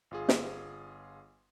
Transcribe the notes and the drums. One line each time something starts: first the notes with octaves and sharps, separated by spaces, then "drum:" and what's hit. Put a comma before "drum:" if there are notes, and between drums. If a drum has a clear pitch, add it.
G1 F4 G#4
drum: snare